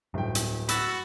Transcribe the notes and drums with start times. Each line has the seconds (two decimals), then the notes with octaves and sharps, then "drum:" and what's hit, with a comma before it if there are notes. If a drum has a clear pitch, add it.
0.14 D1 G2 G5
0.35 drum: hi-hat
0.69 F#4 B5 E6 A6, drum: hi-hat